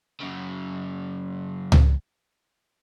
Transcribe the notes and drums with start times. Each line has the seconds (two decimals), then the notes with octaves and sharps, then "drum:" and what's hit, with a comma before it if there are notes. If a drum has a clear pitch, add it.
0.20 F#2 C#3
1.72 drum: tom C#2